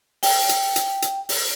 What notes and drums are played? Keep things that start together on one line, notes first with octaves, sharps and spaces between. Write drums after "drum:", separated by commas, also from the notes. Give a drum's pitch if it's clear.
G5, drum: open hi-hat
drum: hi-hat
drum: hi-hat
drum: hi-hat
drum: open hi-hat